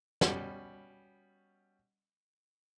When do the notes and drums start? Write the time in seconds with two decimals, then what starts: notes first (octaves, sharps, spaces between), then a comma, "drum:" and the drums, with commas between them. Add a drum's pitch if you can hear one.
0.21 B2 G3 C#4 F#5, drum: snare